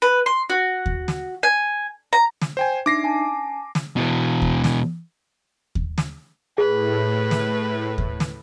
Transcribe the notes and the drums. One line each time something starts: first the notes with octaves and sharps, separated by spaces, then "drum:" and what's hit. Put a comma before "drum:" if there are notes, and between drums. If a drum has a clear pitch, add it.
B4
C6
F#4
drum: kick D#2
drum: snare
G#5
A#5
drum: snare
C5 G5 G#5
D4 D#4 E5 D6 A#6 C7
C#4 G#5 A5
drum: snare
B2 E3
drum: kick D#2
drum: snare
drum: kick D#2
drum: snare
A2 G#4 B4
drum: snare
drum: kick D#2
drum: snare